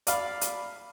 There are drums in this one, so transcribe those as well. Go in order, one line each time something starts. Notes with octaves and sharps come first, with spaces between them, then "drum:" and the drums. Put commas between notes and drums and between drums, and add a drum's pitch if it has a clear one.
D5 F5 B5, drum: hi-hat
drum: hi-hat